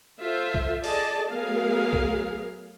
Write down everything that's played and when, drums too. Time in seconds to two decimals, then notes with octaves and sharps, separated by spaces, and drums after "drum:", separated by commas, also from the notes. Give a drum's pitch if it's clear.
0.21 F4 A4 C5 E5
0.54 drum: kick B1
0.84 G#4 A4 D5 D#5 A5, drum: open hi-hat
1.29 F#3 A3 B3 G#4 A#4 F5
1.93 drum: kick B1